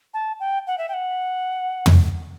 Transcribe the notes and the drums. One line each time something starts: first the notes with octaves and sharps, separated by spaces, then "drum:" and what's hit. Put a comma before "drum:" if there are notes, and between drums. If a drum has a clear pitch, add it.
A5
G5
F#5
E5
G5
F#5
drum: tom